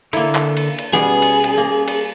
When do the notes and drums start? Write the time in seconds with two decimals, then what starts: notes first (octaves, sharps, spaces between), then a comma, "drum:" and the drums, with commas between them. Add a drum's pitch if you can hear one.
0.13 D3 A#3 E4 A4 A#5, drum: cymbal
0.35 drum: clap
0.57 drum: cymbal
0.79 drum: cymbal
0.93 B2 G3 B3 C#4 G#4
1.22 drum: cymbal
1.44 drum: cymbal
1.57 A#3
1.88 drum: cymbal